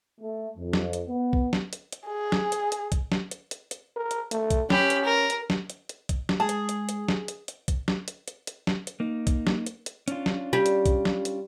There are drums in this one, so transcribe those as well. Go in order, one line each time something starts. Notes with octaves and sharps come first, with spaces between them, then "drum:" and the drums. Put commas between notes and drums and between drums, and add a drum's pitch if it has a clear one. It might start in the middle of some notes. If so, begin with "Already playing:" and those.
A3
F2
drum: snare
drum: hi-hat
B3
drum: kick
drum: snare
drum: hi-hat
drum: hi-hat
G#4
drum: snare
drum: hi-hat
drum: hi-hat
drum: kick, hi-hat
drum: snare
drum: hi-hat
drum: hi-hat
drum: hi-hat
A#4
drum: hi-hat
A3, drum: hi-hat
drum: kick, hi-hat
C#4 G4 B5, drum: snare
drum: hi-hat
A#4
drum: hi-hat
drum: snare
drum: hi-hat
drum: hi-hat
drum: kick, hi-hat
drum: snare
G#3 G#4 A5
drum: hi-hat
drum: hi-hat
drum: hi-hat
drum: snare
drum: hi-hat
drum: hi-hat
drum: kick, hi-hat
drum: snare
drum: hi-hat
drum: hi-hat
drum: hi-hat
drum: snare
drum: hi-hat
A#3 D#4
drum: kick, hi-hat
drum: snare
drum: hi-hat
drum: hi-hat
C#4 D4 F4, drum: hi-hat
drum: snare
G3
drum: hi-hat
drum: kick, hi-hat
drum: snare
drum: hi-hat